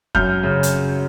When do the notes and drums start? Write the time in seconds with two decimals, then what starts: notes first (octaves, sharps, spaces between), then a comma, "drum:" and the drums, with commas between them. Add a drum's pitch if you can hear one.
0.15 F#2 F6 G6, drum: kick F#1
0.43 C#3
0.63 drum: hi-hat